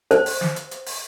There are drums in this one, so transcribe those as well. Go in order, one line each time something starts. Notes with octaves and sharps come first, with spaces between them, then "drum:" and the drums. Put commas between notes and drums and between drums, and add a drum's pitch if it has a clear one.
C5, drum: hi-hat
drum: open hi-hat
drum: snare
drum: hi-hat
drum: hi-hat
drum: open hi-hat